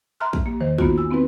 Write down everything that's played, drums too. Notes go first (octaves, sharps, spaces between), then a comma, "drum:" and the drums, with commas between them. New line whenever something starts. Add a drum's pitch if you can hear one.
E5 A5 A#5 C6 F6 F#6
drum: kick
A#3 G4
E2 D#3 E3 C5
A#3 B3 D#4 F4 F#4, drum: kick
G#5 E6
B3 C4 D#4 E4 B4